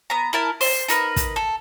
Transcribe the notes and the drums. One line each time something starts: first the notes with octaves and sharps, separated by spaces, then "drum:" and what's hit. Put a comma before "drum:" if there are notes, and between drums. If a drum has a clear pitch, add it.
B3 A#5
E4 A#4 A5
C5, drum: open hi-hat
D#4 A#4 B4, drum: hi-hat
drum: kick, hi-hat
A4